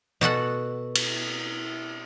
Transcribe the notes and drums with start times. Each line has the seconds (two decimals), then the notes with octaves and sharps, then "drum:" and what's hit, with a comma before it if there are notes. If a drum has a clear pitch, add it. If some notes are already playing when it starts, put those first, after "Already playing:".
0.21 B2 F#4 A4 F#5
0.95 drum: cymbal